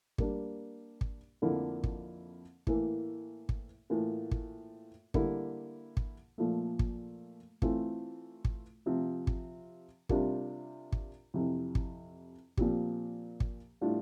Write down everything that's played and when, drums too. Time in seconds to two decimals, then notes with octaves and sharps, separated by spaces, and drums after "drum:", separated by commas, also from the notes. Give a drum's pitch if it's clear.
0.18 G3 A#3 D4, drum: kick
1.01 drum: kick
1.42 F2 D3 F3 A#3 E4
1.84 drum: kick
2.67 A2 E3 A#3, drum: kick
3.49 drum: kick
3.90 A2 E3 A#3 F4
4.31 drum: kick
5.14 D3 G3 A#3 E4, drum: kick
5.97 drum: kick
6.38 A#2 F3 A3
6.79 drum: kick
7.62 E3 A3 C4 F4, drum: kick
8.45 drum: kick
8.86 C3 F3 C4
9.27 drum: kick
10.09 C3 G3 D4 F4 A#4, drum: kick
10.92 drum: kick
11.34 F2 C3 E3
11.75 drum: kick
12.57 A#2 F3 C4 G4, drum: kick
13.40 drum: kick
13.81 A2 G3 D4 F4